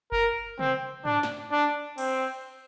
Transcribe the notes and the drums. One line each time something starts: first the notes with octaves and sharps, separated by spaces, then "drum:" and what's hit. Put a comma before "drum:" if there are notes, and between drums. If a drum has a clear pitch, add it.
A#4, drum: kick F#1
C4, drum: tom C3
D4, drum: tom
drum: snare
D4
C4, drum: cymbal